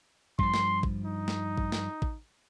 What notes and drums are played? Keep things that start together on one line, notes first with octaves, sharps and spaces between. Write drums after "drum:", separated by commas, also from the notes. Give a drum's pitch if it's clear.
G2 F3 C6, drum: kick A1
drum: snare
drum: kick A1
D#4
drum: snare
drum: kick A1
drum: snare
drum: kick A1